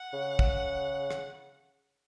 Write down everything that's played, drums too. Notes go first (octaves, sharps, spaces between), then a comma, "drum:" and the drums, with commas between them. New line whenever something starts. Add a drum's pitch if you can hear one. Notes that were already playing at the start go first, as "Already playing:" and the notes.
Already playing: F#5
C#3
drum: kick
drum: rim click